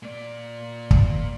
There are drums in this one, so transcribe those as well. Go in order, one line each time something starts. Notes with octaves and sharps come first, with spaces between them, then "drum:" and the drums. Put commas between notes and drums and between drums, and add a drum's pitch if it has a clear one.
A#2 D5
drum: kick